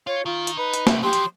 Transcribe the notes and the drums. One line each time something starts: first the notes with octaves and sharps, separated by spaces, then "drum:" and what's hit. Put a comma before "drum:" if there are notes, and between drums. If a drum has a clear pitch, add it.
F4 C#5
D#3 F4
drum: hi-hat
D#4 B4
drum: hi-hat
C2 E5, drum: snare
F3 F#3 G4 C6
drum: hi-hat